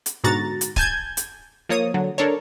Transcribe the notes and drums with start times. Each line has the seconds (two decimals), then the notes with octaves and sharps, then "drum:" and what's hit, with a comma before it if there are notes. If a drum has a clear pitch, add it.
0.06 drum: hi-hat
0.24 G#2 B2 D3 F#4 A#5 A6
0.61 drum: hi-hat
0.76 G#5 A5 G6 G#6, drum: kick D1
1.17 drum: hi-hat
1.69 F3 A#3 C#5 D#6
1.94 D3 F#3
2.18 D4 A4 A#4 C#5